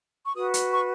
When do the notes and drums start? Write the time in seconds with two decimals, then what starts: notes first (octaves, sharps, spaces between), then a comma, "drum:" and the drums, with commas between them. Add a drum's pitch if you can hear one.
0.25 C#6
0.36 F#4 B4 D#6
0.54 drum: hi-hat
0.72 C#6